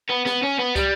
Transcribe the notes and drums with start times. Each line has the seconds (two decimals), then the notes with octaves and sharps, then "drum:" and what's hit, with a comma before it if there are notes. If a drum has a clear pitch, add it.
0.10 B3
0.26 B3, drum: snare
0.43 C#4
0.60 B3
0.76 G3, drum: kick, hi-hat